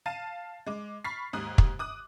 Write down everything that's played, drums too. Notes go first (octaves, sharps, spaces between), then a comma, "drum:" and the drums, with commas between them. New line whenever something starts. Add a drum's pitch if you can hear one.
F5 A5 A6 D#7
G#3 D6
B5 C#6 F6 A6 B6 C7
D#2 G#2 D#6 F#6
drum: kick
D6 D#6 F#6